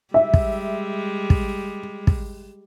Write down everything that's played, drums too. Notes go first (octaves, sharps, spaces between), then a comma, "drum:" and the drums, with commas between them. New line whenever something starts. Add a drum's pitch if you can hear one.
G3 G#3 E5
drum: kick
drum: kick
drum: kick